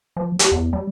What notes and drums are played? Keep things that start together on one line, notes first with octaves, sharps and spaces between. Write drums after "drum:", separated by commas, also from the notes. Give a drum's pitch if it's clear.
F3
G4, drum: hi-hat
E2
G3